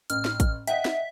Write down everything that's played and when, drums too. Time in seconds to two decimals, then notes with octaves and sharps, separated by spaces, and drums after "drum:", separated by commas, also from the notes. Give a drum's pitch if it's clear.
0.10 A1 F6, drum: hi-hat
0.25 drum: snare
0.40 drum: kick, hi-hat
0.67 D#5 E5 F#5 G5, drum: hi-hat
0.85 drum: snare